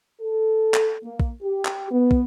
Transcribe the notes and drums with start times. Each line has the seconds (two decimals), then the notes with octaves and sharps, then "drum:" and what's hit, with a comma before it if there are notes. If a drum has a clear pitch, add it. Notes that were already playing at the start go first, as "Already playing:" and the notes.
0.21 A4
0.74 drum: clap
1.04 A#3
1.20 drum: kick
1.42 G4
1.65 drum: clap
1.92 B3
2.11 drum: kick